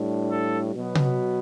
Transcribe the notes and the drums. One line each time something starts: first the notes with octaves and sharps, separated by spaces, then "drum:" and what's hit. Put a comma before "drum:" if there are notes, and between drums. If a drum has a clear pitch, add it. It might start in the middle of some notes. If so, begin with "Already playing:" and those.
Already playing: A2 G3 D4
A4
B2 F#3 B3
drum: tom C3